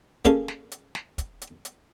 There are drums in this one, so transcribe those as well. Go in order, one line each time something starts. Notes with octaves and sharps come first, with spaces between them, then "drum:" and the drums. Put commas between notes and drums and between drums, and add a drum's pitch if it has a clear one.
A#3 C#4 G#4 A4 F5, drum: kick, hi-hat
drum: snare
drum: hi-hat
drum: snare
drum: kick, hi-hat
drum: hi-hat
drum: hi-hat